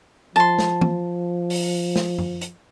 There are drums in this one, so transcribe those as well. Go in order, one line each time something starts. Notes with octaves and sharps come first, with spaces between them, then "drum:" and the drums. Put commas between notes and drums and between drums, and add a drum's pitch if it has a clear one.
F3 A5 C6
drum: snare
drum: tom
drum: open hi-hat
drum: snare
drum: tom F#2
drum: hi-hat